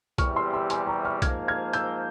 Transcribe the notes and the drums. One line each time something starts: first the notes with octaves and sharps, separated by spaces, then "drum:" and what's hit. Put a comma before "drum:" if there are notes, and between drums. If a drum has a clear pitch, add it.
E2 C3 G3 C#6 F6, drum: kick, hi-hat
C6 E6
C6 E6
G#5 C6, drum: hi-hat
A#5 C#6
C#6 F6
G#2 F3 A#3 F6 G#6, drum: kick, hi-hat
F6 G#6
E6 G6, drum: hi-hat